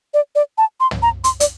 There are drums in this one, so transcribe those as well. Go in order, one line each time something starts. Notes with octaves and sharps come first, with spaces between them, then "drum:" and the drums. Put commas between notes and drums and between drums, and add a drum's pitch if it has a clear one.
D5
D5
A5
C6
drum: tom
A#5
C6, drum: hi-hat
D5, drum: hi-hat